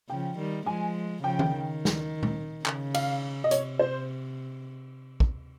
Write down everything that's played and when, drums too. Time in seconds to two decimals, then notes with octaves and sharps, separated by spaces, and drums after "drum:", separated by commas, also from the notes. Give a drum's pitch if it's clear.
0.09 C#3 F3 G5
0.38 D#3 G3
0.66 F3 G#3 G#5
1.23 C#3 F3 G5
1.39 drum: tom D#3
1.52 D#3
1.85 drum: snare
2.23 drum: tom A#2
2.66 C#3, drum: clap
2.94 F5, drum: cymbal
3.44 D#5
3.51 C3 C#5, drum: hi-hat
3.79 C5
5.20 drum: kick